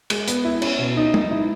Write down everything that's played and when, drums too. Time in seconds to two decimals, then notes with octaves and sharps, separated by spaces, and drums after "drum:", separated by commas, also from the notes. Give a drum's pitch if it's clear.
0.10 G#3, drum: cymbal
0.28 B3, drum: hi-hat
0.45 E4
0.62 C#4, drum: cymbal
0.79 B2
0.97 D#4
1.14 D#4, drum: tom
1.31 E4